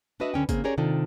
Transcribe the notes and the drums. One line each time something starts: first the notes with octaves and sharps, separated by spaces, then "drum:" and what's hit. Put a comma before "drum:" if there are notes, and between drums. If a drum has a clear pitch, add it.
D4 F#4 B4 D#5 E5
D2 D3 C#4 G5
C#3 A#3 C4 G#4, drum: kick G1, hi-hat
C#4 G4 G#4 A#4 C#5 D5
C3 D#3 D4 F4 A4